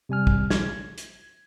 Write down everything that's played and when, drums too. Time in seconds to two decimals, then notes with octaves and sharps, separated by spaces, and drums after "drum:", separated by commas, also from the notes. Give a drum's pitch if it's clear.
0.09 C3 G3 G#5 F6
0.27 drum: kick
0.50 G#6, drum: snare
0.98 drum: hi-hat